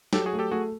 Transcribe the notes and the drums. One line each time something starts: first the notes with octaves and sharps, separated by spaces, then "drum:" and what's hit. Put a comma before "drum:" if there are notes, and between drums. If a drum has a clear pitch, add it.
F#3 G4 A4, drum: snare
F#4 G#4
A3
G4 A4
A3 F#4 G#4